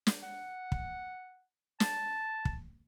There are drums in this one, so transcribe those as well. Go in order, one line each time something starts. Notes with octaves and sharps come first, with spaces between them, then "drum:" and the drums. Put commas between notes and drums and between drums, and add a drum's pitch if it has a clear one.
drum: snare
F#5
drum: kick
A5, drum: snare
drum: kick